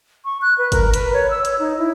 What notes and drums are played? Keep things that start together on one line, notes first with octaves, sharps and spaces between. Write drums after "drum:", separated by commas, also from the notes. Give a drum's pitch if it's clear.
C#6
F#6
B4
A#4, drum: kick G1, hi-hat
B4, drum: hi-hat
C#5
E6
C#5, drum: hi-hat
D#4
E4